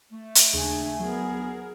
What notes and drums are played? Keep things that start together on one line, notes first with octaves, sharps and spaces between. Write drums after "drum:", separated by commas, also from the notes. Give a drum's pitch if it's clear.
A3
drum: hi-hat
D#2 C#3 D4 G#4 G#5
F#3 B3 G#4 A#4